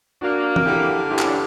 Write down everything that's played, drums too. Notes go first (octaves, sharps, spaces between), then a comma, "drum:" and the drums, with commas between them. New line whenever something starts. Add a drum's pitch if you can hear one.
A#3 D4 F#4
A#4, drum: tom
D3 E4 G4
G2 E4 G4
C#4, drum: clap
D4